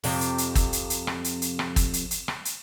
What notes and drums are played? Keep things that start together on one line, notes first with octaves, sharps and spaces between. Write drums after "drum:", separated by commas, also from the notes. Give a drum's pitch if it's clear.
F2 C3, drum: open hi-hat
drum: hi-hat
drum: hi-hat
drum: kick, hi-hat
drum: hi-hat
drum: hi-hat
drum: rim click
drum: hi-hat
drum: hi-hat
drum: rim click
drum: kick, hi-hat
drum: hi-hat
drum: hi-hat
drum: rim click
drum: hi-hat